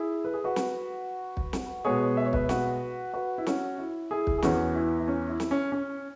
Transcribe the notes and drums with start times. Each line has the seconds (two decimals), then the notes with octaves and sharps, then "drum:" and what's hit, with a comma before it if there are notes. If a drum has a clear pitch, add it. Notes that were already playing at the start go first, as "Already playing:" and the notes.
Already playing: E4 G#4
0.25 B4
0.34 G#4
0.44 F#4 B4
0.56 drum: snare
1.37 drum: kick
1.53 drum: snare
1.85 B2 G#3 B3 G#4 C#5
2.17 E5
2.26 C#5
2.33 B4 E5, drum: kick
2.49 F#4 B4, drum: snare
3.14 F#4 B4
3.38 E4
3.46 C#4 F#4, drum: snare
3.78 E4
4.11 E4 G#4
4.27 drum: kick
4.38 G#4
4.42 E2 E3 B3 C#4 F#4, drum: snare
4.75 E4
5.00 E4
5.08 C#4
5.29 E4
5.40 drum: snare
5.51 C#4
5.72 C#4